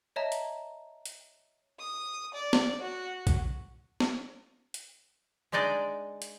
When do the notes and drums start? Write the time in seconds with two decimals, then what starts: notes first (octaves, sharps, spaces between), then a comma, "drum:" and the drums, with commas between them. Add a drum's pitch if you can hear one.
0.16 C#5 D#5 E5 A5 A#5
0.32 drum: hi-hat
1.06 drum: hi-hat
1.79 D#6
2.34 D5
2.53 drum: snare
2.81 F#4
3.27 drum: kick B1, hi-hat
4.00 drum: snare
4.74 drum: hi-hat
5.52 G#3 D4 D#4 D5 D#5
6.22 drum: hi-hat